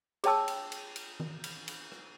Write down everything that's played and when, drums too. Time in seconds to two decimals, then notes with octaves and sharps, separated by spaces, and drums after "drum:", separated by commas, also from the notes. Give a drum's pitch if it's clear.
0.24 G#4 C#5 G5 A5 E6, drum: cymbal
0.48 drum: cymbal
0.72 drum: cymbal
0.96 drum: cymbal
1.20 drum: tom D#3
1.44 drum: cymbal
1.68 drum: cymbal
1.92 drum: rim click